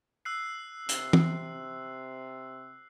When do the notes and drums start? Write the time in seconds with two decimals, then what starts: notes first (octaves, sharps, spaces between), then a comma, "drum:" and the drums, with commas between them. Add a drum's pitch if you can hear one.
0.25 E6 F#6 C7
0.89 C3, drum: hi-hat
1.13 drum: tom